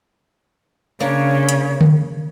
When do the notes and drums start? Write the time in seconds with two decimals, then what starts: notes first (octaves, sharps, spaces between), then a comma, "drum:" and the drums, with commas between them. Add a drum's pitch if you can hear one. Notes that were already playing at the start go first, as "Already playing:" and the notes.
1.00 C#3 A#3 D4 C#5
1.49 drum: hi-hat
1.81 drum: tom D3